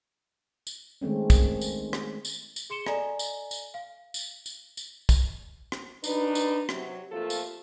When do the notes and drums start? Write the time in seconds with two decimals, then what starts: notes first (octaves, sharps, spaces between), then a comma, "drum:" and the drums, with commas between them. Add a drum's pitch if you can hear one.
0.67 drum: tambourine
1.01 D#3 G#3 A3 C4 C#4
1.30 drum: kick, tambourine
1.61 drum: tambourine
1.93 drum: rim click
2.25 drum: tambourine
2.56 drum: tambourine
2.70 G#4 C6 C#7 E7 G7
2.87 A4 D5 D#5 G#5 A#5, drum: rim click
3.19 drum: tambourine
3.51 drum: tambourine
3.74 F5
4.14 drum: tambourine
4.46 drum: tambourine
4.77 drum: tambourine
5.09 drum: kick, tambourine
5.72 drum: rim click
6.04 F#2 D4 D#4 B4, drum: tambourine
6.35 drum: tambourine
6.69 C3 F#3, drum: rim click
7.12 C3 F3 A3 A#3 F4 A4
7.30 drum: tambourine